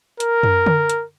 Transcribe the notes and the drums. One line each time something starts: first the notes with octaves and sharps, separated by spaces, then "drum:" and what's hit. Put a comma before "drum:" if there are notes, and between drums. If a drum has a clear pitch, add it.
A#4, drum: hi-hat
drum: tom F#2
drum: tom D3
drum: hi-hat